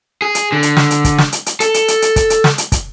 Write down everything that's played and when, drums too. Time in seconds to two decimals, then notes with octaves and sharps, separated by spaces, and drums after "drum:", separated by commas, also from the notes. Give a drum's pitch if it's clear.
0.22 G#4
0.35 drum: hi-hat
0.52 D3
0.63 drum: hi-hat
0.77 drum: snare
0.91 drum: hi-hat
1.05 drum: kick, hi-hat
1.18 drum: snare
1.32 drum: hi-hat
1.46 drum: hi-hat
1.60 A4, drum: hi-hat
1.74 drum: hi-hat
1.88 drum: hi-hat
2.02 drum: hi-hat
2.16 drum: kick, hi-hat
2.30 drum: hi-hat
2.44 drum: snare
2.58 drum: hi-hat
2.72 drum: kick, hi-hat